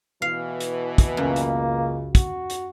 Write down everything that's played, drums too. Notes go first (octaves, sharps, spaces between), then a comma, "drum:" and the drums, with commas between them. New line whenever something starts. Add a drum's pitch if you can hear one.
B2 E3 F5
drum: hi-hat
drum: kick, hi-hat
C#2 F#2 C#3 A#3
drum: hi-hat
F#4, drum: kick, hi-hat
drum: hi-hat